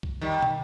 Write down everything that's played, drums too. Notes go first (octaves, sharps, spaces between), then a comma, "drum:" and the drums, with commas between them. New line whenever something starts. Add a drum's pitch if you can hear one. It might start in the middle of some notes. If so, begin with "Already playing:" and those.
drum: kick
D#3 G3
drum: tom